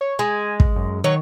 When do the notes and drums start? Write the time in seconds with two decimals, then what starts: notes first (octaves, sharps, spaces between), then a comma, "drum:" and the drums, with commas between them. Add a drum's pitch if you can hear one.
0.01 C#5
0.19 G#3 G#5
0.60 drum: kick
0.76 F#2
1.04 D#3 F#3 C#5